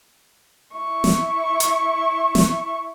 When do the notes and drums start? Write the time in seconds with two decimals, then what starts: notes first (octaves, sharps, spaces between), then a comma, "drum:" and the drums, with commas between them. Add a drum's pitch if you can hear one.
0.76 E4 C#6
1.04 drum: snare
1.60 drum: hi-hat
2.35 drum: snare